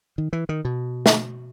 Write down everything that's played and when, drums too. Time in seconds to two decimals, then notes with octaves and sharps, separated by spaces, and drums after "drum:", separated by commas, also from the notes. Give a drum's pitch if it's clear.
0.18 D#3
0.33 E3
0.49 D#3
0.65 B2
1.06 drum: snare